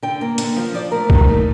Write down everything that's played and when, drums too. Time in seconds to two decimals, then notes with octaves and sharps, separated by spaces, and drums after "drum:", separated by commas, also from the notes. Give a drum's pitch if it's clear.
0.03 D3 G5
0.21 A#3
0.38 D3, drum: hi-hat
0.56 F3 F5
0.74 F3 D5
0.92 A3 A#4
1.10 D#4, drum: kick
1.28 A3